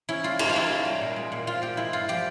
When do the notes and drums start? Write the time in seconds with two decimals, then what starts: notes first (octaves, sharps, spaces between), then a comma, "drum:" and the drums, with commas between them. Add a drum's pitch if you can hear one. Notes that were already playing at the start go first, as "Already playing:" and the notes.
0.09 C#4 E4
0.24 G3 F4
0.39 G#2 F4, drum: cymbal
0.49 F4
0.55 A#3 E4
0.71 C#4
0.85 G3
1.01 A#2
1.16 G#3
1.32 A#2
1.47 C4 F4
1.62 A#2 G4
1.77 G#3 E4
1.93 G2 F4
2.08 F3 G4